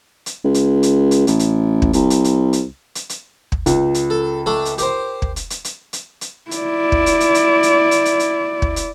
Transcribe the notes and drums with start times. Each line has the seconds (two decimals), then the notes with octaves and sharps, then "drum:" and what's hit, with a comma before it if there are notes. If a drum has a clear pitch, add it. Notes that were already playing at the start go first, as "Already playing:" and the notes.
0.26 drum: hi-hat
0.44 C#2
0.54 drum: hi-hat
0.83 drum: hi-hat
1.11 drum: hi-hat
1.27 A1, drum: hi-hat
1.39 drum: hi-hat
1.82 drum: kick
1.93 C2, drum: hi-hat
2.10 drum: hi-hat
2.24 drum: hi-hat
2.53 drum: hi-hat
2.95 drum: hi-hat
3.09 drum: hi-hat
3.52 drum: kick
3.66 C#2, drum: hi-hat
3.94 drum: hi-hat
4.10 A4
4.46 A3 D4 A4
4.65 drum: hi-hat
4.78 G4 A#4 C5, drum: hi-hat
5.22 drum: kick
5.36 drum: hi-hat
5.50 drum: hi-hat
5.64 drum: hi-hat
5.93 drum: hi-hat
6.21 drum: hi-hat
6.51 E4 D5, drum: hi-hat
6.92 drum: kick
7.06 drum: hi-hat
7.20 drum: hi-hat
7.35 drum: hi-hat
7.63 drum: hi-hat
7.91 drum: hi-hat
8.05 drum: hi-hat
8.20 drum: hi-hat
8.62 drum: kick
8.76 drum: hi-hat